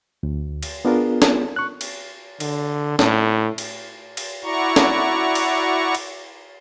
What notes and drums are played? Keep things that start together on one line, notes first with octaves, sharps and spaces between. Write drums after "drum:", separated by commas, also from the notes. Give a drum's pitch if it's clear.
D2
drum: cymbal
B3 D4 F4 G#4 A#4
drum: snare
C#6 F#6
drum: cymbal
D3, drum: cymbal
A2, drum: snare
drum: cymbal
drum: cymbal
E4 F#4 D5 A#5 C#6
drum: snare
drum: cymbal
drum: cymbal